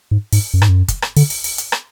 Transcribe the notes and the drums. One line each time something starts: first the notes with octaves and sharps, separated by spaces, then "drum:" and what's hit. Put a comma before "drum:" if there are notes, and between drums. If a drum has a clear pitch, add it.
G#2
G#2, drum: open hi-hat
F#2
G#2, drum: rim click
F#2
drum: kick, hi-hat
drum: rim click
D3, drum: open hi-hat
drum: open hi-hat
drum: open hi-hat
drum: hi-hat
drum: rim click